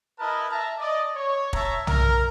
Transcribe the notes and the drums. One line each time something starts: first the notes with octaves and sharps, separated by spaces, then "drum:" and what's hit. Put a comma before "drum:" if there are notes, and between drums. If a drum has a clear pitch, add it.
E4 A#4 B4 D#5 A5
E5 A5 A#5
D5 D#5
C#5
C#5 E5 A5 A#5, drum: kick
A#4, drum: tom